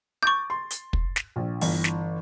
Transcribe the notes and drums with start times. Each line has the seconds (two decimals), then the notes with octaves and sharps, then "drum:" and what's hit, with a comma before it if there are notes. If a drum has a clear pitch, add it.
0.23 C#6 D6 G6 A6
0.50 C6
0.70 drum: hi-hat
0.93 drum: kick
1.16 drum: snare
1.36 A#1
1.61 G1 E3, drum: open hi-hat
1.84 drum: snare